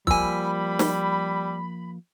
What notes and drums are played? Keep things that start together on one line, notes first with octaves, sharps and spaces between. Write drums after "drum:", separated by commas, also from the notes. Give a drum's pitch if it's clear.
F3 G3 A#3 G#5 B5 E6, drum: kick
drum: snare